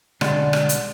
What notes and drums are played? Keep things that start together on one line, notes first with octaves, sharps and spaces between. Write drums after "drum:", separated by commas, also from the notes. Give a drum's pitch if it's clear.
B1 D3 G#3 D5 F#5 C6, drum: rim click
drum: rim click
drum: hi-hat